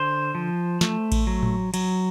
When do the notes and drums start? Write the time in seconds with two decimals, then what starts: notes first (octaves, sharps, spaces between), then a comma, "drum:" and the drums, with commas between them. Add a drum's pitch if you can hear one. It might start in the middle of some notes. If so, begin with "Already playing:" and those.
Already playing: D3 C5
0.35 F3
0.81 A3, drum: snare
1.12 drum: kick A1, cymbal
1.27 F#3
1.43 drum: tom A2
1.74 F#3, drum: cymbal